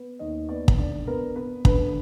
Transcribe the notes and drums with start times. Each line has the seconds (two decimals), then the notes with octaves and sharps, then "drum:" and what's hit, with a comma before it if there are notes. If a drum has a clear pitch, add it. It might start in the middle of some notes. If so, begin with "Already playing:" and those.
Already playing: B3
0.19 D#2 D#5
0.49 B3 D5
0.68 drum: kick
0.78 D3 D5
1.07 B3 A#4
1.36 B3 B4
1.65 D3 B4, drum: kick